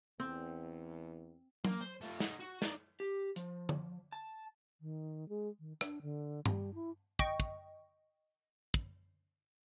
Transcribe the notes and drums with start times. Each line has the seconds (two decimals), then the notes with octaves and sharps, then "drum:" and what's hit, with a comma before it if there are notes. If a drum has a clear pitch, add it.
0.20 E2 C4
1.65 A#3, drum: tom F#3
1.81 C5
2.01 A3 F4
2.20 D#4 F#5, drum: snare
2.40 F#4
2.62 D#4 D5, drum: snare
3.00 G4
3.36 F3, drum: hi-hat
3.69 drum: tom
4.12 A5
4.81 D#3
5.29 G#3
5.59 D#3
5.81 D4, drum: rim click
6.02 D3
6.46 G3, drum: tom
6.74 E4
7.19 D#5 G5 C#6, drum: kick
7.40 drum: kick
8.74 drum: kick